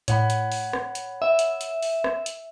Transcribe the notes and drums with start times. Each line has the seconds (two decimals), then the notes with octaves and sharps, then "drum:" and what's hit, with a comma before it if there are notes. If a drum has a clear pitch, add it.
0.08 A2 C#5 F#5 B5, drum: hi-hat
0.30 drum: hi-hat
0.52 drum: open hi-hat
0.73 drum: rim click
0.95 drum: hi-hat
1.22 E5
1.39 drum: hi-hat
1.61 drum: hi-hat
1.83 drum: open hi-hat
2.04 drum: rim click
2.26 drum: hi-hat